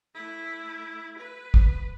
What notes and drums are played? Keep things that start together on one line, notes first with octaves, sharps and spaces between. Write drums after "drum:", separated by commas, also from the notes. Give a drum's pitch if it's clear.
A3 E4
B4
drum: kick